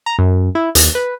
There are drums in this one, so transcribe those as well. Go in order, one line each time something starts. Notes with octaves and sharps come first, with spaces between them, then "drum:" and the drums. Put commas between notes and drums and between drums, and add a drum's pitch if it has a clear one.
A#5
F#2
E4
D#2, drum: hi-hat
B4